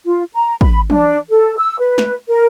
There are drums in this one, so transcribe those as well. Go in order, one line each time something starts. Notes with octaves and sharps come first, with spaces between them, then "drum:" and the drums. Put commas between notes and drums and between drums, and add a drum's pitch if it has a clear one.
F4
A#5
B5, drum: kick
D4, drum: tom
A4
E6
B4
drum: snare
A#4